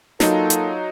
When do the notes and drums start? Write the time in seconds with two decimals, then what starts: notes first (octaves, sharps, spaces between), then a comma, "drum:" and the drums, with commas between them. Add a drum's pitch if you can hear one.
0.20 F#3 A#3 D#4 F4 A4, drum: snare
0.50 drum: hi-hat